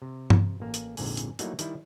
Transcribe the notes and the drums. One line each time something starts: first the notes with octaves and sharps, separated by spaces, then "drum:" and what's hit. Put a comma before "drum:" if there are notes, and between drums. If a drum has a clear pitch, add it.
C3
drum: tom G2
A1 A#3
drum: hi-hat
A#1 F2 G#2 D3 G#5, drum: open hi-hat
drum: hi-hat
F#3 G3 A3 A#3 D#4 E4, drum: hi-hat
D#3 G3 E4, drum: hi-hat